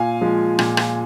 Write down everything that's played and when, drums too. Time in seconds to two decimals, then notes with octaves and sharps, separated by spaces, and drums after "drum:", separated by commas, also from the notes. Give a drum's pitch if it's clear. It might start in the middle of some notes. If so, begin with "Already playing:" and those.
Already playing: A#2 F5 G#5
0.21 F3 G#3
0.59 A#2, drum: rim click
0.77 drum: rim click